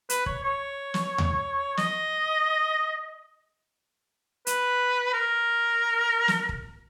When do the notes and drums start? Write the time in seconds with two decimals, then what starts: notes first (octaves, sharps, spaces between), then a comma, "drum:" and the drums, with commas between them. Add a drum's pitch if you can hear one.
0.10 B4, drum: hi-hat
0.26 C#5, drum: kick
0.43 C#5
0.94 drum: snare
1.18 drum: tom D#2
1.77 D#5, drum: snare
4.47 B4, drum: hi-hat
5.13 A#4
6.28 drum: snare
6.49 drum: kick